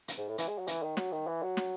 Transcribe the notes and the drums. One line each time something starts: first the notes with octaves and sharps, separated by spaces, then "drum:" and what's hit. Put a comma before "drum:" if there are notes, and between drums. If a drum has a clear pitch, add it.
drum: hi-hat
G#2
A2
E3, drum: hi-hat
G#3
F#3
E3, drum: hi-hat
D#3
F#3, drum: snare
D#3
E3
F#3
drum: snare